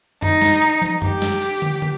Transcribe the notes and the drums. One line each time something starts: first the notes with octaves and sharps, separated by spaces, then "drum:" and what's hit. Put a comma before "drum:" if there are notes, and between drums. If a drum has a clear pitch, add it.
D#4, drum: tom F#2
drum: snare
drum: cymbal
drum: tom
G4, drum: tom F#2
drum: snare
drum: cymbal
drum: tom
drum: tom